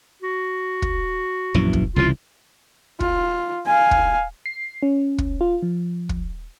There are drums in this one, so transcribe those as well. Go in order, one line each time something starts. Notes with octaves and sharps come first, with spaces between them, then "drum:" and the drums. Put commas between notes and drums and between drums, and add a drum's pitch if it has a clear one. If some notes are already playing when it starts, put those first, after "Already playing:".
F#4
drum: kick
A#1 F#2 E3
drum: kick
C2 C#3 E3 F4
F4, drum: kick
F5 G#5
drum: kick
C7
C#4
drum: kick
F4
F3
drum: kick